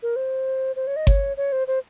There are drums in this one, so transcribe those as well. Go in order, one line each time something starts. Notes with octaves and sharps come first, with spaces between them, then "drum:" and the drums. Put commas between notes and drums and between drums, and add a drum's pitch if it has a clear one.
A#4
C5
C5
C#5
D#5
C#5, drum: kick G1
C#5
C5
C5